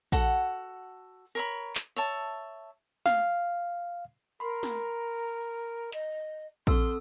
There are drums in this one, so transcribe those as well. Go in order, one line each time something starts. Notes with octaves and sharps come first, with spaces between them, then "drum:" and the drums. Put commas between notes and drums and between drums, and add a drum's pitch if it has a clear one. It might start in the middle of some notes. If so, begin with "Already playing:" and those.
F#4 A4 F#5, drum: kick A#1
A#4 C#5 B5
drum: clap
C#5 E5 A5
F5, drum: snare
A#4 B5 C6
drum: snare
D#5, drum: hi-hat
C4 A4 C6 E6, drum: kick A#1